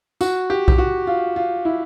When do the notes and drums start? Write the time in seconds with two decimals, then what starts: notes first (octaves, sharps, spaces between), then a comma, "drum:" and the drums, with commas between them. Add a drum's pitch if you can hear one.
0.21 F#4, drum: tambourine
0.50 G4
0.68 G4, drum: kick B1
0.78 F#4
1.07 F4
1.36 F4
1.65 E4